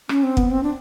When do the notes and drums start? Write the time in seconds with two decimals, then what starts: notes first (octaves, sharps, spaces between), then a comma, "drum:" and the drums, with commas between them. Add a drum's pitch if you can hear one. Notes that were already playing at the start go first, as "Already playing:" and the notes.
0.09 C#4, drum: rim click
0.23 C4
0.37 B3, drum: kick
0.51 C4
0.63 D4